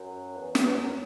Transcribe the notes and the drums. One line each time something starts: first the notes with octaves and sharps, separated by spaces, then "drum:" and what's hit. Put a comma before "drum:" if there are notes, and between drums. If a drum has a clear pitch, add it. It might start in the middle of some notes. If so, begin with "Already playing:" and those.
Already playing: F#2
E2
E2, drum: snare
F#2